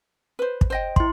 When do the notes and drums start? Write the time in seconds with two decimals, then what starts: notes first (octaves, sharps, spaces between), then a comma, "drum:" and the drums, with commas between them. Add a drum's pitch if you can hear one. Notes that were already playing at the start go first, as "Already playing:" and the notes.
0.39 B4 C5
0.61 drum: kick
0.70 C5 D#5 G5
0.96 E4 C6, drum: kick